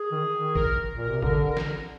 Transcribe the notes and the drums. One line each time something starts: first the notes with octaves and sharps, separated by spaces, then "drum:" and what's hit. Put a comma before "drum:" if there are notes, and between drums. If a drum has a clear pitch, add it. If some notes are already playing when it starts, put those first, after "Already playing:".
Already playing: G#4
D#3
D#3
A#4, drum: kick A1
A#2 A#4
C3
D3 A#4, drum: kick A1
A#4
drum: snare